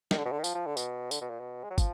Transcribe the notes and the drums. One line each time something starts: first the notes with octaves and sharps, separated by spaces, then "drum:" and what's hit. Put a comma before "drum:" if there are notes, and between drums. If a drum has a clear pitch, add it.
D#3, drum: snare
D3
B2
D3
D#3
F3, drum: tambourine
F3
D3
B2, drum: tambourine
D3, drum: tambourine
B2
A#2
B2
G#3
F#3
F3, drum: kick, tambourine